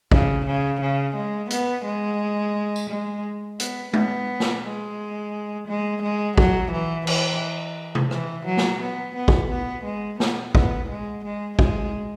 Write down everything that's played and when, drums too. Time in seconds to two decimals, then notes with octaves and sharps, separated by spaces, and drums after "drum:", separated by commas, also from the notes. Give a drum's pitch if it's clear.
0.12 C#3, drum: kick
0.46 C#3
0.81 C#3
1.15 G#3
1.50 B3, drum: hi-hat
1.85 G#3
2.76 drum: tambourine
2.90 G#3
3.60 B3, drum: hi-hat
3.93 B3, drum: tom G#3
4.40 drum: snare
4.63 G#3
5.68 G#3
6.02 G#3
6.37 F#3, drum: kick
6.71 E3
7.07 E3, drum: cymbal
7.95 drum: tom C3
8.11 E3, drum: rim click
8.46 F#3
8.57 drum: snare
8.81 B3
9.16 B3
9.28 drum: kick
9.50 B3
9.84 G#3
10.20 B3, drum: snare
10.55 B3, drum: kick
10.89 G#3
11.25 G#3
11.59 G#3, drum: kick